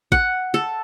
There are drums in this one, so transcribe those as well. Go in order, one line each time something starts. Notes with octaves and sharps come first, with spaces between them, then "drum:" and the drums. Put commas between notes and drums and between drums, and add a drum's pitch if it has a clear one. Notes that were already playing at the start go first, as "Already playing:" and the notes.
F#5, drum: kick
A4